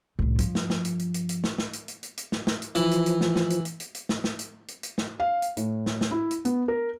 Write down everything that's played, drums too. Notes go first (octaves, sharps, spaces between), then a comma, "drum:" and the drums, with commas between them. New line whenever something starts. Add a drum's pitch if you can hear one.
C2 A2
G2 F3, drum: hi-hat
drum: snare
drum: snare
drum: hi-hat
drum: hi-hat
drum: hi-hat
drum: hi-hat
drum: snare
drum: snare
drum: hi-hat
drum: hi-hat
drum: hi-hat
drum: hi-hat
drum: snare
drum: snare
drum: hi-hat
E3 F3, drum: hi-hat
drum: hi-hat
drum: hi-hat
drum: snare
drum: snare
drum: hi-hat
drum: hi-hat
drum: hi-hat
drum: hi-hat
drum: snare
drum: snare
drum: hi-hat
drum: hi-hat
drum: hi-hat
drum: snare
F5
drum: hi-hat
A2, drum: hi-hat
drum: snare
drum: snare
E4
drum: hi-hat
B3, drum: hi-hat
A#4